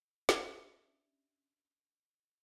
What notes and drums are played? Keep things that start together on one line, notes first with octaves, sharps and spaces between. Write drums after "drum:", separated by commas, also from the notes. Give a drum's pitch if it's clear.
C#4 D4 E4 G4 D#5, drum: snare